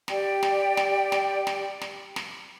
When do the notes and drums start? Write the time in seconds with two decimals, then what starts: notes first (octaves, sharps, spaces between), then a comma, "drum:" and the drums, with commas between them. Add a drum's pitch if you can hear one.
0.08 G4 D5 G5, drum: snare
0.43 drum: snare
0.77 drum: snare
1.12 drum: snare
1.47 drum: snare
1.81 drum: snare
2.16 drum: snare